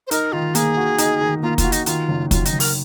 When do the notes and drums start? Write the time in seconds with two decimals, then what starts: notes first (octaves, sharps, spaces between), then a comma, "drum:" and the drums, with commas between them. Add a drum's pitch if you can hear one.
0.07 C5
0.11 D#4 A#4, drum: hi-hat
0.32 D#3 F4
0.55 A#3 G#4, drum: hi-hat
0.77 F#4
0.98 D#4, drum: hi-hat
1.21 D#3
1.43 A#3 F4
1.58 F4, drum: kick, hi-hat
1.64 F#4
1.72 D#4, drum: hi-hat
1.86 D#3 F4, drum: hi-hat
2.08 F#1
2.31 F#2 F4, drum: kick, hi-hat
2.45 D#4, drum: hi-hat
2.53 F#1
2.60 A#4, drum: open hi-hat